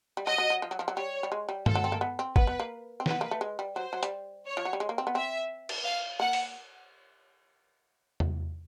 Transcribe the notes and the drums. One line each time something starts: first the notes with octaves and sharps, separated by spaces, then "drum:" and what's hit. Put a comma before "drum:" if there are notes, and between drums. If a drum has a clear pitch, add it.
G3
F#3 D#5
F#3
F#3
F3
F#3
F3
F#3
G3 C#5
G3
G#3
G3
F3 A4, drum: tom G2
F#3
C4
A#3
B3
C4
B3 B4, drum: kick
B3
A#3
C4
B3 B4, drum: snare
A#3
A3
G#3
G3
F#3 C5
F#3
G3, drum: hi-hat
C#5
F3
F#3
G3
G#3
A#3
C4
B3
C4 E5
drum: cymbal
F5
A#3 F#5
drum: open hi-hat
drum: tom E2